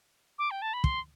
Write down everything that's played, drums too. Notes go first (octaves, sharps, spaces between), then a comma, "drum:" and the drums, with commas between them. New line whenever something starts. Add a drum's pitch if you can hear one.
D6
G5
A5
B5
C6, drum: kick